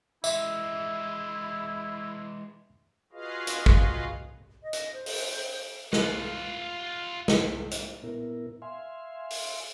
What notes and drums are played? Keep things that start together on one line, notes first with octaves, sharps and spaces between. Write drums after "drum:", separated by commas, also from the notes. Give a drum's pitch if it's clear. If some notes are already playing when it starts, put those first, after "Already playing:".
E3 G#3 E4 E5, drum: tambourine
F4 F#4 G#4 B4 D#5 F5
drum: hi-hat
drum: kick G#1
D#5
drum: hi-hat
C5
drum: open hi-hat
F4 F#5, drum: snare
drum: snare
drum: hi-hat
A#2 B3 E4 A#4
E5 F5 G#5 C6
drum: open hi-hat